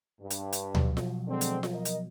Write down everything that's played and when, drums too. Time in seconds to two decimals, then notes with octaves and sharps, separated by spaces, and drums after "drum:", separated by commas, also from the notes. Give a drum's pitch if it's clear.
0.21 G2
0.30 drum: hi-hat
0.52 drum: hi-hat
0.75 B2 F3 F#3, drum: tom D2
0.97 drum: snare F4
1.28 D3 G#3 C4
1.41 drum: hi-hat
1.63 drum: snare F4
1.73 A#4 D#5
1.85 drum: hi-hat